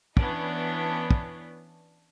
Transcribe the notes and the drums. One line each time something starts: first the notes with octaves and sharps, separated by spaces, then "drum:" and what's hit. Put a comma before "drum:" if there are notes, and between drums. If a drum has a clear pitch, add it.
E3 B3 C#4 D4 E4, drum: kick
drum: kick